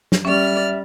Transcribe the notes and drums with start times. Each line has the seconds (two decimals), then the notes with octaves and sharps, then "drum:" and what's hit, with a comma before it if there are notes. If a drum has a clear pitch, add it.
0.12 drum: snare
0.25 G3 C#4 D5 E5 F6